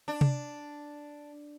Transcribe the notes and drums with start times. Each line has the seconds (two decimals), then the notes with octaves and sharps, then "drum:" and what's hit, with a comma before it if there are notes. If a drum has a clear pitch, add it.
0.08 D4
0.21 drum: tom C3